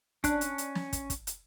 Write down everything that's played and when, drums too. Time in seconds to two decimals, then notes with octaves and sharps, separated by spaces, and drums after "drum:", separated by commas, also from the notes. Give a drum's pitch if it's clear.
0.24 C#4 D4 F#6, drum: kick, hi-hat
0.41 drum: hi-hat
0.58 drum: hi-hat
0.75 drum: snare
0.93 drum: kick, hi-hat
1.10 drum: kick, hi-hat
1.27 drum: hi-hat